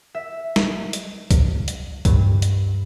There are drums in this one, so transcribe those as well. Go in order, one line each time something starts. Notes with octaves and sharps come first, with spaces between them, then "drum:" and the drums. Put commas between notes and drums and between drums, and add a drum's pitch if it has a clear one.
E5
drum: snare
drum: hi-hat
drum: kick C2, hi-hat
drum: hi-hat
G2, drum: kick C2, hi-hat
drum: hi-hat